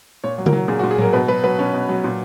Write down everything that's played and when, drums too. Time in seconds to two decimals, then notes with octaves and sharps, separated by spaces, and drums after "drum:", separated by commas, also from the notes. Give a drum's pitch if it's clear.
0.24 A#2 C#5
0.38 F#3
0.46 A#4, drum: tom C#3
0.53 F#3
0.68 A#2 G#4
0.79 F#4
0.83 A#2
0.91 G#4
0.98 F#3 A#4, drum: tom A2
1.13 B2 B4
1.28 F#3 B4
1.44 F#3 B4
1.58 B2 C#4
1.74 B2
1.89 F#3
2.04 A#2